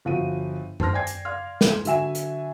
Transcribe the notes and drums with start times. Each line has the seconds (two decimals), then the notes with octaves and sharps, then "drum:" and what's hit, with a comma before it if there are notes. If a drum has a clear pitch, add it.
0.05 G1 F3 F#4 D#7
0.80 C5 A5 C6 F6 A#6, drum: tom F#2
0.94 D5 G5 G#5 G#6 C7
1.07 drum: hi-hat
1.25 D5 F5 C6 F6
1.61 drum: snare
1.85 D3 F#3 E5 G#5 E7, drum: hi-hat
2.15 drum: hi-hat